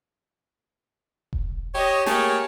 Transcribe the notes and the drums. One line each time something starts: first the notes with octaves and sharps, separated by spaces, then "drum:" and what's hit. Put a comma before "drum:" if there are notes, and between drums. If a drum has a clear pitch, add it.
drum: kick E1
G4 C#5 D#5
A3 A#3 G4 G#4 A#4 C#5, drum: snare